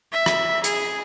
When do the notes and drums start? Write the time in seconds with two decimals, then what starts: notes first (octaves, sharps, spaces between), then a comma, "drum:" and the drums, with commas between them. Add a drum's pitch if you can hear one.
0.13 E5
0.26 drum: rim click
0.64 G#4, drum: hi-hat